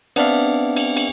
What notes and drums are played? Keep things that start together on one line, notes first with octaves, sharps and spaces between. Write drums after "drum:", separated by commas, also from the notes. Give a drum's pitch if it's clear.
B3 C4 D4 D5 E5 F5, drum: cymbal
drum: cymbal
drum: cymbal